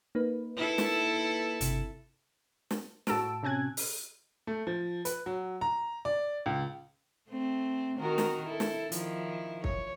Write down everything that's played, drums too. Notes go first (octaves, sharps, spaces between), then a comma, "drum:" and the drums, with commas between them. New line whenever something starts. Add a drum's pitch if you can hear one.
A#3 D#4 B4
E4 A4
drum: snare
G1 C3, drum: hi-hat
drum: snare
A2 F#4 A5 E6 D7, drum: snare
C3 C#4 G#5 F#6 G#6
drum: open hi-hat
A3
F3
B4, drum: hi-hat
F#3
A#5
D5
C#2
A3 C4
D#3 F#4 A#4
drum: snare
E4 A4
drum: snare
D#3 F3 E4, drum: hi-hat
C#5, drum: kick